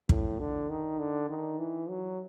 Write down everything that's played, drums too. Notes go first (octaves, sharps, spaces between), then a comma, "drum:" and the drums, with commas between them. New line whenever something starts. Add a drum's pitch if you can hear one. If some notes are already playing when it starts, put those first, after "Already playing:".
A2, drum: kick
D3
D#3
D3
D#3
E3
F#3